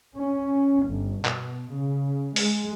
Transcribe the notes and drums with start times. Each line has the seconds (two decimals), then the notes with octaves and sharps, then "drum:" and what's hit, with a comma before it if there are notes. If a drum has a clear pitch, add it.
0.16 C#4
0.88 G1
1.25 B2, drum: clap
1.72 C#3
2.36 G#3, drum: open hi-hat